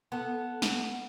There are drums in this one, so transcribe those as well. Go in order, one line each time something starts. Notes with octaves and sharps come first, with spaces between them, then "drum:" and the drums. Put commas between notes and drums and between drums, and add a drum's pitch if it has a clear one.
B3 A4
drum: snare